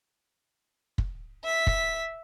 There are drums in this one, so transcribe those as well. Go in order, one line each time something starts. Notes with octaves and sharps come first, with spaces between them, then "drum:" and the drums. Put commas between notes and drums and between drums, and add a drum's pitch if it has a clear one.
drum: kick
E5 B6
drum: kick